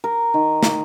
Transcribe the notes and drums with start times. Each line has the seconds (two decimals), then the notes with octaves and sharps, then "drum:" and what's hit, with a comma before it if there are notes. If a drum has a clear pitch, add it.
0.04 A#4
0.34 D#3
0.63 D#5, drum: snare